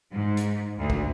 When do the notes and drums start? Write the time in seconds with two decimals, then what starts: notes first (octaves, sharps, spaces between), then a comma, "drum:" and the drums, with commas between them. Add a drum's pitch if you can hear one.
0.12 G#2
0.37 drum: hi-hat
0.78 D2
0.90 drum: kick